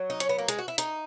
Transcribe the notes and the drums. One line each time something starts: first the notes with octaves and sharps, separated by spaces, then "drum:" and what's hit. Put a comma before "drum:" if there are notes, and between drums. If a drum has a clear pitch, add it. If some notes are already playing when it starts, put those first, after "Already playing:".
Already playing: F#3
D#4
C#4, drum: hi-hat
B3
A#3
G#3, drum: hi-hat
F#4
E4
D#4, drum: hi-hat